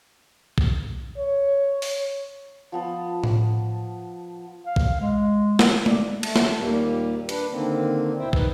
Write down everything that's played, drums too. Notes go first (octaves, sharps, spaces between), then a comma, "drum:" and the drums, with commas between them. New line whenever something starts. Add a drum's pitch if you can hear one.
drum: kick
C#5
drum: open hi-hat
F3 B3 A5
drum: tom A2
F5
drum: kick
G#3
drum: snare
D5, drum: tom G#3
A3 A5, drum: cymbal
drum: snare
D#2 A#2 G3 A#3
D4 B4, drum: hi-hat
D3 D#3 A#3 C4
D#2 B2 E4 C5 E5 G5
D#4 B4, drum: kick